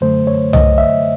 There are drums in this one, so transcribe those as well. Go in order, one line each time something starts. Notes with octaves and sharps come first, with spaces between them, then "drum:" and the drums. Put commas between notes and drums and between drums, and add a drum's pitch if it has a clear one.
F#2 D3 F#3 A3 C5
C#5
D#5, drum: tom C2
E5